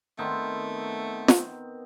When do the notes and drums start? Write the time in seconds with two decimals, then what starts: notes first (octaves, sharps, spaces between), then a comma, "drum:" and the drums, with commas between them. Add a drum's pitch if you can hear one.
0.19 D#3 A3 B3 C4
1.28 drum: snare